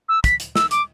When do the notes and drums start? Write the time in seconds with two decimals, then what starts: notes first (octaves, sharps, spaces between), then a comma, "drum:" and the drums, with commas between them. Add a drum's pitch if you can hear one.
0.09 E6
0.24 B6, drum: kick, hi-hat
0.40 drum: hi-hat
0.56 E6, drum: snare
0.71 D6, drum: hi-hat